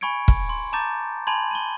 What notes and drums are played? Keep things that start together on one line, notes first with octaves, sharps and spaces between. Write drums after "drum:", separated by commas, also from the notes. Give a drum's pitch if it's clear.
G#5 B5 C#6 G#6 C#7 D7
drum: kick
C6
A5 A#5 D6 G6 A6
G#5 A5 B5 C6 G#6 F#7
D#7 F#7 G7